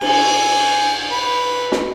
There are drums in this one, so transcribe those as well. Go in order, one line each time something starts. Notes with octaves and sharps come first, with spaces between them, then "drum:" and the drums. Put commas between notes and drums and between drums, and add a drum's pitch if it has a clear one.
G#5, drum: cymbal
B4
drum: snare